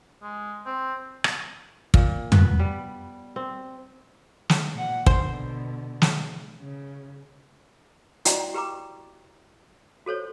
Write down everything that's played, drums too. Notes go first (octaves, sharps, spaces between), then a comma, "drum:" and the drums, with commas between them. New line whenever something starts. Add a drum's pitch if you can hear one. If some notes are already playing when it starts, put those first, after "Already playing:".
G#3
C4
drum: rim click
A#2, drum: kick
B3, drum: tom
G3
C4
drum: snare
A#2 F#5
B2 D3 C5, drum: kick
drum: snare
C#3
E4 F#4 D5 D#5 G5 A#5, drum: hi-hat
G4 B4 G5 A#5 D6
F#4 A4 C5 C#5